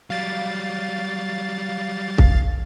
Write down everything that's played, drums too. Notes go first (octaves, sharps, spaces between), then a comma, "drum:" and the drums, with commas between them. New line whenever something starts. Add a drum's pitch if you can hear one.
F#3 G3 F5 A6
drum: kick